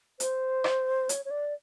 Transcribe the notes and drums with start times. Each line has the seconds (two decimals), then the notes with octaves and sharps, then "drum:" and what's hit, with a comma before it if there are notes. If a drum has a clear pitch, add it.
0.20 C5, drum: hi-hat
0.64 drum: rim click
1.09 C#5, drum: hi-hat
1.25 C#5
1.31 D5